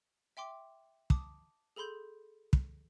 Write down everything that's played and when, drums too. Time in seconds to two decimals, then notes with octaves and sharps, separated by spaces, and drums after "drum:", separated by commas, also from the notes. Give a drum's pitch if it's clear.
0.37 E5 G5 C6 D6
1.10 A5 D6 D#6, drum: kick
1.76 G#4 A4 B5 C6 G6
2.53 drum: kick